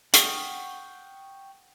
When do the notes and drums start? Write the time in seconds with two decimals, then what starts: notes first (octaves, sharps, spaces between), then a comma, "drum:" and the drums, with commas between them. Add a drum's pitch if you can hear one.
0.14 F#5 G5 C#6 D#6 F6, drum: hi-hat